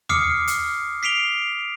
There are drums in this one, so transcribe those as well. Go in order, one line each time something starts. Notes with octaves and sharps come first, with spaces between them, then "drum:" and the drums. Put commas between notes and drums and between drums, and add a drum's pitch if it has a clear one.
D6 D#6 F6 C7 C#7, drum: tom D#2
drum: hi-hat
B6 C7 D7 F7 G7